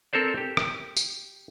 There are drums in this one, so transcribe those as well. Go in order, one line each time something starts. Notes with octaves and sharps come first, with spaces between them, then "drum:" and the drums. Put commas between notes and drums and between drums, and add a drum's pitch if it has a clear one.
C4 A4 A#4 C5 D5
G4
drum: rim click
drum: tambourine